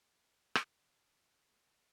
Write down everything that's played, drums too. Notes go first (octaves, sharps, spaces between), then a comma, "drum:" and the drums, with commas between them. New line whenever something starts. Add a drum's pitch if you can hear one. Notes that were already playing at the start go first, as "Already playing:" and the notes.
G#4 A#4 C5 F#5
drum: rim click